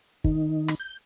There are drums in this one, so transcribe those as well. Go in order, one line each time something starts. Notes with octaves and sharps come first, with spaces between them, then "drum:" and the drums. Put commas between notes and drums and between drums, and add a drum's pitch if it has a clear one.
D#3 D#4, drum: kick
drum: rim click
G6